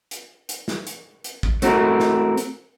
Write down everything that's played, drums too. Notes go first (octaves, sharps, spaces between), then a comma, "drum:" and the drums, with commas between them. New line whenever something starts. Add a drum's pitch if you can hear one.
drum: hi-hat
drum: hi-hat
drum: snare
drum: hi-hat
drum: hi-hat
drum: kick
A3 C4 F#4 A#4, drum: hi-hat
drum: snare
drum: hi-hat